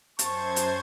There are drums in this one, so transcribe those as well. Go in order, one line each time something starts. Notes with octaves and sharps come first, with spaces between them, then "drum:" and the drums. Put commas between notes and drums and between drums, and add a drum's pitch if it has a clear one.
F#2 C5 A5 C#6 G#6, drum: hi-hat
drum: hi-hat